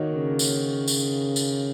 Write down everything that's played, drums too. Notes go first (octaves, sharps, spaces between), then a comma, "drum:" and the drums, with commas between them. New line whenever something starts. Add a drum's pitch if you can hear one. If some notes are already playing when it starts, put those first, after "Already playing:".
Already playing: D#3 A#3 D#4 F#4 C#5
C#3
drum: tambourine
drum: tambourine
drum: tambourine